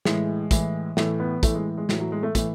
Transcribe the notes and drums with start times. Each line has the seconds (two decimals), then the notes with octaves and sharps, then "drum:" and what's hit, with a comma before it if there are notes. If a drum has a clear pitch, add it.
0.05 A2 E3 G#3, drum: snare
0.51 A2 E3, drum: kick, hi-hat
0.97 A2 E3 A3, drum: snare
1.20 B3
1.43 A2 E3 A3, drum: kick, hi-hat
1.55 G#3
1.77 G#3
1.89 A2 E3 F#3, drum: snare
2.00 F#3
2.12 G#3
2.23 A3
2.35 A2 E3 A3, drum: kick, hi-hat